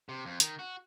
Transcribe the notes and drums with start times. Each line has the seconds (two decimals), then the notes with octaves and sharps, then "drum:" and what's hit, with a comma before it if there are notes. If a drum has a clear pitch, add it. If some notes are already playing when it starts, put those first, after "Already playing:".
0.09 C3
0.25 F2
0.40 D#3, drum: hi-hat
0.59 F#4